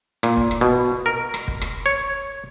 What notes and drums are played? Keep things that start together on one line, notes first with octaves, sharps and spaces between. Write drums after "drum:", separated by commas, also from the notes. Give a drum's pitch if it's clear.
A#2, drum: rim click
drum: kick
drum: rim click
B2
A#4
drum: rim click
drum: kick
drum: rim click
C#5